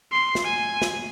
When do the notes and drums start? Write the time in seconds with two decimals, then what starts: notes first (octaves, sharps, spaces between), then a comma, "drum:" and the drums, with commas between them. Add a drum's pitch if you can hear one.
0.12 C6
0.35 drum: snare
0.45 G#5
0.82 drum: snare